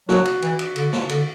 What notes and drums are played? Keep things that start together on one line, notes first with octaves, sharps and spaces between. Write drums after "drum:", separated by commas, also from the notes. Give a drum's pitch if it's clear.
F#3 F#4, drum: snare
drum: cymbal
E3, drum: cymbal
drum: cymbal
D3, drum: cymbal
drum: snare
D3, drum: cymbal